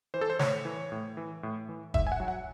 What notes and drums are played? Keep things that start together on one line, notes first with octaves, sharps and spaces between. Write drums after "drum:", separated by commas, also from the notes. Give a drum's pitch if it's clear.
E3 C5
A4
C5
A2 C#5, drum: snare
E3
A2
E3
A2
E3
G#2 E5, drum: kick
G#5
F#5
F#3
F#5